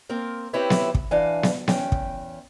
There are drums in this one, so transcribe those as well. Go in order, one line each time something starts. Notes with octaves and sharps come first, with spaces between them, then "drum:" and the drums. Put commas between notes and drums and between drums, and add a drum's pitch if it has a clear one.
A#3 C4 A#4
C4 E4 G4 B4 C#5 E5
drum: snare B3
drum: kick
E3 D4 F5 G#5
drum: snare B3
E2 F#3 C#4 G5, drum: snare B3
drum: kick